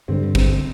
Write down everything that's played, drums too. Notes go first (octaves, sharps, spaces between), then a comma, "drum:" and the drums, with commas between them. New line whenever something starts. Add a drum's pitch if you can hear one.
G2 D3 G3 C4
C4, drum: kick